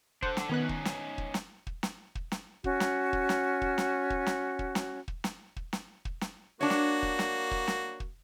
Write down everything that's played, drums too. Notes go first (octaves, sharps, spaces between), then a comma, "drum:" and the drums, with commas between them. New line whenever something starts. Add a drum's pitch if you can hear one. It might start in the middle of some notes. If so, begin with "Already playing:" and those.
D4 A4 C5 F#5, drum: kick
drum: snare
D#3 B3 C#4 D#4 F#6
drum: kick
drum: snare
drum: kick
drum: snare
drum: kick
drum: snare
drum: kick
drum: snare
C#4 F#4, drum: kick
drum: snare
drum: kick
drum: snare
drum: kick
drum: snare
drum: kick
drum: snare
drum: kick
drum: snare
drum: kick
drum: snare
drum: kick
drum: snare
drum: kick
drum: snare
A#3 D4 F#4 C#5
drum: snare
drum: kick
drum: snare
drum: kick
drum: snare
drum: kick